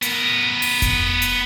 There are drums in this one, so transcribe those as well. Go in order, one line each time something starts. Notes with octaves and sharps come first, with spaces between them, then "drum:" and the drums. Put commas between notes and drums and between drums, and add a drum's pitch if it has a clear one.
B3 A#4, drum: hi-hat
drum: open hi-hat
drum: kick F1, hi-hat
drum: hi-hat